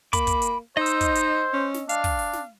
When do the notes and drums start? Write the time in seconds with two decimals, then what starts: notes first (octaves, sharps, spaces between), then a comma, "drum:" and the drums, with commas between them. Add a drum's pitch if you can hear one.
0.13 A#3 B5 D6, drum: kick, hi-hat
0.27 drum: kick, hi-hat
0.42 drum: hi-hat
0.77 D#4 C5 D#5 E6
0.86 drum: hi-hat
1.01 drum: kick, hi-hat
1.15 drum: hi-hat
1.53 C#4
1.74 drum: snare
1.89 D4 F5, drum: hi-hat
2.04 drum: kick, open hi-hat
2.19 drum: open hi-hat
2.33 drum: snare